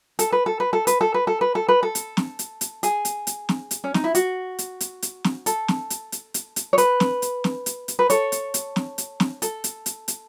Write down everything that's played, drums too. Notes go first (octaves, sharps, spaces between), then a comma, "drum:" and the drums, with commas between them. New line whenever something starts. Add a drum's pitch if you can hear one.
A4, drum: hi-hat
B4
A4
B4
A4
B4, drum: hi-hat
A4
B4
A4
B4
A4
B4
A4
drum: hi-hat
drum: snare
drum: hi-hat
drum: hi-hat
G#4, drum: hi-hat
drum: hi-hat
drum: hi-hat
drum: snare
drum: hi-hat
C#4
D#4, drum: snare
E4
F#4, drum: hi-hat
drum: hi-hat
drum: hi-hat
drum: hi-hat
drum: snare
A4, drum: hi-hat
drum: snare
drum: hi-hat
drum: hi-hat
drum: hi-hat
drum: hi-hat
C#5
B4, drum: hi-hat
drum: snare
drum: hi-hat
drum: snare
drum: hi-hat
drum: hi-hat
B4
A4 C#5, drum: hi-hat
drum: hi-hat
drum: hi-hat
drum: snare
drum: hi-hat
drum: snare
A4, drum: hi-hat
drum: hi-hat
drum: hi-hat
drum: hi-hat